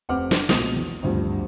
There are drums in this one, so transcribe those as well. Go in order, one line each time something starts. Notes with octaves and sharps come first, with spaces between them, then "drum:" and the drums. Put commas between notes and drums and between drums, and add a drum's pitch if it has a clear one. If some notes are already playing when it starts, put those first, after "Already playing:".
F1 C4 B4 F#5 D6 F6
D4, drum: snare
B1 A#2 G#3 D#6 F7, drum: snare
E2
G#1 D2 G2 F3